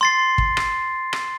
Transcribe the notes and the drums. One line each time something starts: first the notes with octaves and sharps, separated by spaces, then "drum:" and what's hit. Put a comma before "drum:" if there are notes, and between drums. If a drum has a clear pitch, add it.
C6 A6 C7
drum: kick
drum: rim click
drum: rim click